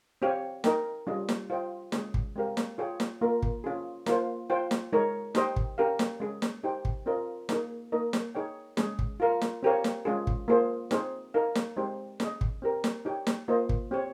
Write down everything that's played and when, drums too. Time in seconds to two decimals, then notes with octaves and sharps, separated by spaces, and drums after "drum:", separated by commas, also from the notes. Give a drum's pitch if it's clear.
0.22 C4 G4 C#5 F5
0.64 D#4 A#4 D#5 G5, drum: snare
1.07 G3 C#4 F4 G#4 D#5
1.29 drum: snare
1.50 F4 C5 D#5 G5
1.92 G#3 C#4 G#4, drum: snare
2.14 drum: kick
2.35 G#3 C4 G4 A#4 F5
2.57 drum: snare
2.78 F4 G#4 C#5 G5
3.00 drum: snare
3.21 A#3 F4 A#4
3.42 drum: kick
3.64 C#4 F4 G#4
4.06 A#3 F4 C5, drum: snare
4.50 F4 C5 G5
4.71 drum: snare
4.93 G#3 D#4 A#4 C#5
5.35 D#4 G4 C5 D#5 G5, drum: snare
5.56 drum: kick
5.78 C#4 G4 A#4 F5
5.99 drum: snare
6.20 G#3 C#4 G#4
6.42 drum: snare
6.63 D#4 G4 C5 G5
6.85 drum: kick
7.06 C4 F4 A#4 D#5
7.49 A#3 D#4 G#4, drum: snare
7.92 A#3 D#4 A#4 D#5
8.13 drum: snare
8.35 D#4 G#4 C#5 G5
8.77 G#3 C#4 G#4, drum: snare
8.99 drum: kick
9.20 F4 A#4 F5
9.41 drum: snare
9.63 C4 G4 A#4 C#5 F5
9.84 drum: snare
10.05 G#3 C#4 F4 G#4
10.27 drum: kick
10.48 A#3 F4 G#4 C5
10.91 C4 D#4 G#4 C5, drum: snare
11.34 D#4 A#4 F5
11.55 drum: snare
11.76 G#3 C4 D#4 G4 C5
12.20 C#4 G#4 D#5, drum: snare
12.41 drum: kick
12.62 C4 G4 A#4
12.84 drum: snare
13.05 D#4 G4 C#5 G5
13.27 drum: snare
13.48 A#3 F4 C5 D#5
13.69 drum: kick
13.91 C4 G4 C#5